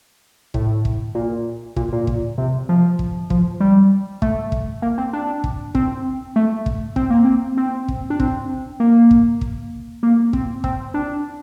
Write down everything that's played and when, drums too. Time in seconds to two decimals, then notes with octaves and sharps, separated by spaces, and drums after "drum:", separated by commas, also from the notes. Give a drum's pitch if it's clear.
0.54 A2, drum: kick
0.85 drum: kick
1.15 A#2
1.76 A#2, drum: kick
1.93 A#2
2.07 drum: kick
2.38 C3
2.69 F3
2.99 drum: kick
3.30 F3, drum: kick
3.60 G3
4.22 A3, drum: kick
4.52 drum: kick
4.82 A#3
4.98 C4
5.13 D4
5.44 drum: kick
5.75 C4, drum: kick
6.36 A3
6.66 drum: kick
6.96 C4, drum: kick
7.10 A#3
7.25 C4
7.57 C4
7.88 drum: kick
8.10 D4
8.20 C4, drum: kick
8.80 A#3
9.11 drum: kick
9.41 drum: kick
10.03 A#3
10.33 C4, drum: kick
10.64 C4, drum: kick
10.94 D4